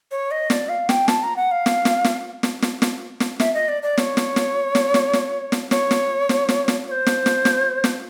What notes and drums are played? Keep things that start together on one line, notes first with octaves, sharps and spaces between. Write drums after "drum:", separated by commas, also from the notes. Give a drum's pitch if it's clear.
C#5
D#5
D5, drum: snare
F5
G5, drum: snare
A5, drum: snare
A#5
F#5
F5
drum: snare
drum: snare
drum: snare
drum: snare
drum: snare
drum: snare
drum: snare
E5, drum: snare
D#5
D5
D5
C#5, drum: snare
drum: snare
drum: snare
drum: snare
drum: snare
drum: snare
drum: snare
C#5, drum: snare
drum: snare
drum: snare
drum: snare
drum: snare
C#5
C5
drum: snare
drum: snare
drum: snare
drum: snare